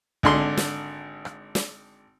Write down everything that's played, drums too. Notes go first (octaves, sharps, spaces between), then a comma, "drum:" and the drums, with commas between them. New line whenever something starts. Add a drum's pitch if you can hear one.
G#1 D3 C6, drum: kick
drum: snare
drum: rim click
drum: snare